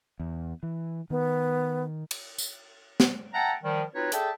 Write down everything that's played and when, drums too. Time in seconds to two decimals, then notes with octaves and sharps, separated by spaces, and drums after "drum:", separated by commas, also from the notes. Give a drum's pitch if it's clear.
0.20 E2
0.63 E3
1.10 D#3 B3
2.11 drum: cymbal
2.38 drum: tambourine
3.00 drum: snare
3.33 E5 F#5 G5 A5 A#5
3.63 D#3 F3 G3
3.94 C4 D#4 F4 F#4 B4 C#5
4.12 G#4 A4 D5 E5 G5 A5, drum: hi-hat